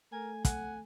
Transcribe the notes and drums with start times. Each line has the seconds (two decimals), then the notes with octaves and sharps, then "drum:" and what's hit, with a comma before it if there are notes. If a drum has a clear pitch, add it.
0.12 A3 A#4 G#5
0.45 F#5 G#5, drum: kick, hi-hat